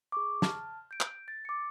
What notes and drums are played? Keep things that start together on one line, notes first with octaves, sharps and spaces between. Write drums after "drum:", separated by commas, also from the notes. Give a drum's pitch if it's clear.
G#4 C#6 D6
A5 F6, drum: snare
G6 D7
drum: clap
A6
D6 C#7